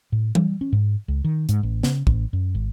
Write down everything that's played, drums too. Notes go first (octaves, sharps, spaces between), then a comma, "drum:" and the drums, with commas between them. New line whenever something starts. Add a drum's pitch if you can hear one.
A2
G3, drum: tom E3
C#4
G#2
C#2
D#3
G#2, drum: hi-hat
A1
C#3, drum: snare
A1, drum: kick
F#2
G#1